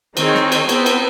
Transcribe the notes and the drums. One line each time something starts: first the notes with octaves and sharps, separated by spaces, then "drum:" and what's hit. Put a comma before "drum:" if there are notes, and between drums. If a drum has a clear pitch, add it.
D#3 C4 G#4 C#5, drum: cymbal
drum: snare
drum: cymbal
B3 C4, drum: cymbal
drum: cymbal